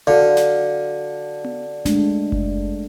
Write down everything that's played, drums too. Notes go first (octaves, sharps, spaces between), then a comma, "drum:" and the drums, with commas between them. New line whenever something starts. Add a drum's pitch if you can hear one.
D3 F#4 F5
drum: snare
drum: tom B3
G#3 A3 D4, drum: snare
drum: kick F#1